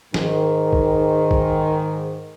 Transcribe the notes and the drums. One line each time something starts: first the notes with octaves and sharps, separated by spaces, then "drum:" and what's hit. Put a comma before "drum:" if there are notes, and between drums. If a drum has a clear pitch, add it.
G#2 D#3, drum: snare
drum: kick A#1
drum: kick A#1